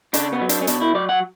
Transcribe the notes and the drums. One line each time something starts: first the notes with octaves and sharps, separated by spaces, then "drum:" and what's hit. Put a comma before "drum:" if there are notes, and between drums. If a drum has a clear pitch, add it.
C#3 D4, drum: hi-hat
B3
F#3
D4, drum: hi-hat
C#4
B2 D4, drum: hi-hat
E4
F#3 D5
F#5